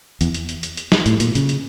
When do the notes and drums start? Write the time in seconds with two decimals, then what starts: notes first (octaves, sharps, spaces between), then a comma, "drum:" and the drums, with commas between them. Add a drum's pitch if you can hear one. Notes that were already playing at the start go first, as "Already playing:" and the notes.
0.21 E2, drum: hi-hat
0.34 drum: hi-hat
0.49 drum: hi-hat
0.63 drum: hi-hat
0.77 drum: hi-hat
0.92 drum: snare
1.06 A2, drum: hi-hat
1.20 A#2, drum: hi-hat
1.35 C#3, drum: hi-hat
1.49 drum: hi-hat